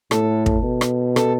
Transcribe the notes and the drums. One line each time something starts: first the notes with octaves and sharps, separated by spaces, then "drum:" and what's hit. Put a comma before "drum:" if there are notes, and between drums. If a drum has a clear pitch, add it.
A2 A4, drum: rim click
drum: kick
B2
drum: rim click
A4, drum: rim click